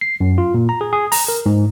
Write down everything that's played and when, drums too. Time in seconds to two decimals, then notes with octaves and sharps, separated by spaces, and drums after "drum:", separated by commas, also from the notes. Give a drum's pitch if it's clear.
0.01 C7
0.20 F#2
0.38 F4
0.54 A#2
0.69 A#5
0.81 G#4
0.93 G#4
1.12 A#5, drum: open hi-hat
1.28 A#4
1.46 G#2